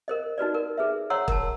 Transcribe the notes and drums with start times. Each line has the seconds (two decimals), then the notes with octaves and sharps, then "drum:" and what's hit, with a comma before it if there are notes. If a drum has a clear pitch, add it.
0.08 A#4 C5 D#5
0.38 D#4 F#4 B4 D5
0.54 A#4
0.78 G#4 B4 C5 E5
1.10 C5 C#5 F#5 A#5 C6 E6
1.28 A#4 A5, drum: kick